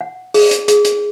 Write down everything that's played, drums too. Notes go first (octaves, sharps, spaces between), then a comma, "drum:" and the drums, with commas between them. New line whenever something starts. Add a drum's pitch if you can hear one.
F#5
G#4, drum: open hi-hat
drum: hi-hat
G#4, drum: hi-hat
drum: hi-hat